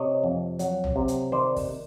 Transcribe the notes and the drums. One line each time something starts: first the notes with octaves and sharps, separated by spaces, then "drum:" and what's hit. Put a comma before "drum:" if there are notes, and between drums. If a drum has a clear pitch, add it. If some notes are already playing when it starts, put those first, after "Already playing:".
Already playing: C3 C#5 D#5
F2
F#3, drum: hi-hat
drum: tom A#1
C3
drum: hi-hat
D#3 C5 D5
drum: kick, open hi-hat